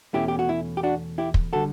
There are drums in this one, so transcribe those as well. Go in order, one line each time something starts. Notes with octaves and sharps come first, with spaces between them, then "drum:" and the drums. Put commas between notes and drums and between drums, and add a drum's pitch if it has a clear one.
E2 B2 A3 C#4 E4 G4
G4
F#4
E4
G4
D4 F#4
E4 G4
drum: kick
D3 G3 F#4 A4